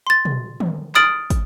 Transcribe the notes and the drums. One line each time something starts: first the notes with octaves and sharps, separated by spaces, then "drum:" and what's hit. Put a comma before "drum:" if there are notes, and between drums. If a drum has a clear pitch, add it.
C6 A6
drum: tom
drum: tom
D#6 F6 A6 D7 F#7, drum: clap
drum: kick, hi-hat